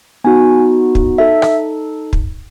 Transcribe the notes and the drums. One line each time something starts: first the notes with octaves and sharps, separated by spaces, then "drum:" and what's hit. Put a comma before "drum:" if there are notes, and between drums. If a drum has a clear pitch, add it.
B3 D#4 F#4 G#5
drum: kick
D#4 A4 E5
drum: rim click
drum: kick